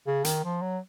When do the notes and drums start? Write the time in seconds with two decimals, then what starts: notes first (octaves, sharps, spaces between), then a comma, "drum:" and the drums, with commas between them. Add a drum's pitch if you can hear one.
0.07 C#3
0.24 D#3, drum: hi-hat
0.44 F3
0.62 F#3